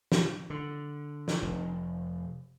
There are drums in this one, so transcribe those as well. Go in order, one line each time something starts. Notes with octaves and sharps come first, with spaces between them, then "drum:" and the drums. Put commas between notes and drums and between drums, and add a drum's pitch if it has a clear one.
drum: snare
D3
drum: snare
F1